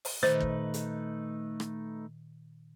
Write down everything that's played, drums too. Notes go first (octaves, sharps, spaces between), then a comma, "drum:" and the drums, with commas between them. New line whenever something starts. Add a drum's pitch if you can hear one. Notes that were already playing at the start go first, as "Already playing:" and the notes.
drum: open hi-hat
A#2 D#3 A3 D#4 B4 C5
drum: kick
drum: hi-hat
drum: rim click